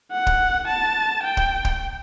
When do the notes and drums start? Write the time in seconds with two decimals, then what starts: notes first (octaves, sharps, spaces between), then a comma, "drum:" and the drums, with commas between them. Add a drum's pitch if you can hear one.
0.13 F#5
0.27 drum: kick
0.68 A5
1.24 G5
1.37 drum: kick
1.65 drum: kick